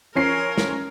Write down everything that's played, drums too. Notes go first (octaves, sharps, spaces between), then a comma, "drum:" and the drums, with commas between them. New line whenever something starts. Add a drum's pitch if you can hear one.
F3 C#4 A#4 C7
drum: snare